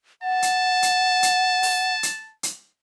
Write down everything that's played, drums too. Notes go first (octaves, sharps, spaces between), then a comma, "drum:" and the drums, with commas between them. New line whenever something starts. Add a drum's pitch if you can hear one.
F#5 A5
drum: hi-hat
drum: hi-hat
drum: hi-hat
drum: open hi-hat
drum: hi-hat
drum: hi-hat